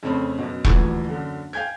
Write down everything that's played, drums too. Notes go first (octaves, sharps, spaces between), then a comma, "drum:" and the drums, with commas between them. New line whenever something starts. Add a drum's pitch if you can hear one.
F2 C#3 A3 C4 C#4 B5
F#2 B2
D#1 D2 E3 F3 F#4, drum: kick E1
F#2 D3
F5 G5 G#5 G6 G#6